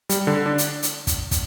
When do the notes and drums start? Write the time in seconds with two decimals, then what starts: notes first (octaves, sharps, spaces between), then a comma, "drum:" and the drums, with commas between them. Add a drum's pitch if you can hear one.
0.09 G3, drum: hi-hat
0.27 D3
0.46 D4
0.58 drum: hi-hat
0.83 drum: hi-hat
1.07 drum: kick, hi-hat
1.31 drum: kick, hi-hat